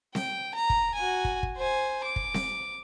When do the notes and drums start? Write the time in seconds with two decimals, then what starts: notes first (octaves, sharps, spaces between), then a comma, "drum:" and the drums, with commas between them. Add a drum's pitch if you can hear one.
0.15 G5, drum: snare C4
0.55 A#5
0.70 drum: kick
0.95 F#4 G#5
1.25 drum: kick
1.43 drum: kick
1.57 C5 G#5
2.04 D6
2.16 drum: kick
2.34 drum: snare C4